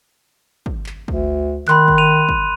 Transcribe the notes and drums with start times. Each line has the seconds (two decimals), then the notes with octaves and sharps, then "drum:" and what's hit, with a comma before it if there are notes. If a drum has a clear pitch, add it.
0.66 drum: kick
0.86 drum: clap
1.08 D2, drum: kick
1.68 D#3 B5 C6 F#6, drum: clap
1.88 drum: kick
1.98 D#7 F7
2.29 drum: kick